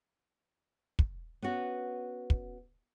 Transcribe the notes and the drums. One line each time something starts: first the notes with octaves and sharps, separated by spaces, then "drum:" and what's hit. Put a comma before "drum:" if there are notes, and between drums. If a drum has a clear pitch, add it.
drum: kick
B3 C#4 F#4
drum: kick